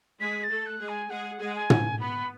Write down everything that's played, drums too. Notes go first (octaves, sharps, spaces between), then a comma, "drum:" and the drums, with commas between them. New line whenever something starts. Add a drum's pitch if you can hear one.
G#3 G#4 B6
A6
A3 A4
F#6
G#3 G#4
G#5
G#3 G#4 F#5
G#3 G#4 F#5
G#5
drum: tom
B3 B5